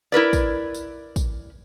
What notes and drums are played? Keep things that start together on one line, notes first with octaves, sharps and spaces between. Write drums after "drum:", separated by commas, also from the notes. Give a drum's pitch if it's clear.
E4 A#4 B4 D5
drum: kick, tambourine
drum: tambourine
drum: kick, tambourine